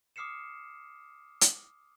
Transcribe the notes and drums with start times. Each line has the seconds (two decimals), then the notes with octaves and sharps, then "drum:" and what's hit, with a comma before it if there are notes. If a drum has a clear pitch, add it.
0.16 D6 D#6 F6 C7 C#7 E7
1.41 drum: hi-hat